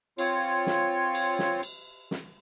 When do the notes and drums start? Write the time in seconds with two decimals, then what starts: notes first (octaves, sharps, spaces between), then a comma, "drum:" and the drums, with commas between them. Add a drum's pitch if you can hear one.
0.18 C4 F4 C#5, drum: cymbal
0.67 drum: snare
1.15 drum: cymbal
1.39 drum: snare
1.63 drum: cymbal
2.11 drum: snare